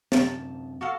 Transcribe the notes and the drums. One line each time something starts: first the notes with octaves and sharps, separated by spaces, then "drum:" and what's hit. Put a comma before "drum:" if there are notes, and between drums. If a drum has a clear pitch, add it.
F#2 C3 A5, drum: snare
F#4 A4 F5